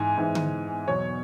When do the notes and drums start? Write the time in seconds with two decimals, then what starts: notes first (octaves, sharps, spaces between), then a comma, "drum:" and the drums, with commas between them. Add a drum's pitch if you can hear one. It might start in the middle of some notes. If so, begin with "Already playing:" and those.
Already playing: G#2 E3 G#5
0.18 G#2 E3
0.35 drum: tom D3
0.88 E2 B2 F#3 C#5